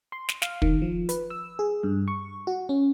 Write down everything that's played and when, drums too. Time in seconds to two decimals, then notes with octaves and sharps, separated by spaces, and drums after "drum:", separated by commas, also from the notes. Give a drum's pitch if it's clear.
0.12 C6
0.29 drum: snare
0.42 F5, drum: snare
0.62 D#3, drum: kick
0.82 F3
1.09 B4, drum: hi-hat
1.30 E6
1.59 G#4
1.83 G2
2.08 C#6
2.47 F#4
2.69 C#4